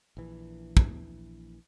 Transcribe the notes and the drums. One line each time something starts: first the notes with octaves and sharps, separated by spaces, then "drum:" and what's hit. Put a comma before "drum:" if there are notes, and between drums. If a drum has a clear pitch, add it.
A#1 E3
drum: kick